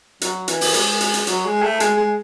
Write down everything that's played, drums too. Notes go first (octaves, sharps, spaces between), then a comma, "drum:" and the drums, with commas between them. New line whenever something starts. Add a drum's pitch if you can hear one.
F#3, drum: hi-hat
E3, drum: hi-hat
drum: open hi-hat
G#3, drum: hi-hat
drum: hi-hat
drum: hi-hat
F#3, drum: hi-hat
G#3
A3
G#3, drum: hi-hat
G#3